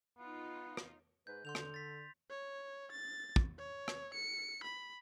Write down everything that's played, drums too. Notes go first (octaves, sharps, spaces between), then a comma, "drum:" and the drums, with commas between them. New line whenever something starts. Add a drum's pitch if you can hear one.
B3 D#4 F4
drum: rim click
G#2 B4 G6
D3 C6 G6 F7
drum: rim click
A6 B6
C#5
A6
drum: kick
C#5
drum: rim click
C#7
B5